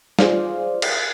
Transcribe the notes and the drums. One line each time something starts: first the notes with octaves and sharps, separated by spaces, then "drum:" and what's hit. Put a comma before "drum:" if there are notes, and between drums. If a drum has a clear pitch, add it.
F4 G#4 C5 D5 F5, drum: snare
drum: cymbal